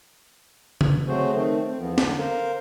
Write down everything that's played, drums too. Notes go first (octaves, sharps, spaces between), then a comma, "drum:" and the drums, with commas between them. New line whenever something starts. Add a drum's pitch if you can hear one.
drum: tom C#3
F#3 A3 C4 F#4 G#4 C5
D#3 A3 C4
C4
E2 F3 B3 C4
D3, drum: snare
A#4 C5 F5